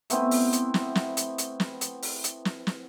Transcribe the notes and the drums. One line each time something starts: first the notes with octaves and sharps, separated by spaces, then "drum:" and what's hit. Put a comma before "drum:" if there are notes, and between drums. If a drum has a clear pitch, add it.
A3 B3 C4 E4, drum: hi-hat
drum: open hi-hat
drum: hi-hat
drum: snare
drum: snare
drum: hi-hat
drum: hi-hat
drum: snare
drum: hi-hat
drum: open hi-hat
drum: hi-hat
drum: snare
drum: snare